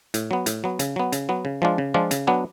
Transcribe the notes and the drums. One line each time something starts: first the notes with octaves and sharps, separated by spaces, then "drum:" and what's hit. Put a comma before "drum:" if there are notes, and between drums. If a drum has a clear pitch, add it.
A2, drum: hi-hat
F#3 B3
A2, drum: hi-hat
F#3 B3
C#3, drum: hi-hat
F#3 B3
C#3, drum: hi-hat
F#3 B3
C#3
F3 G#3 D4 F4
C#3
F3 G#3 D4 F4
C#3, drum: hi-hat
F#3 B3 D4